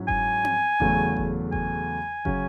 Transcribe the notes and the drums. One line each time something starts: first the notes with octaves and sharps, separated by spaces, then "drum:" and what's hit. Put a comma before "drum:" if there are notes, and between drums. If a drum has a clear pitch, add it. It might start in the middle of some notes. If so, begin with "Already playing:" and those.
Already playing: G#2 F#3 C#4 E4
G#5, drum: kick F#1
drum: tom C4
E2 C#3 F#3 A3, drum: kick F#1
drum: kick F#1
G#5, drum: kick F#1
C#3 F#3 C#4, drum: kick F#1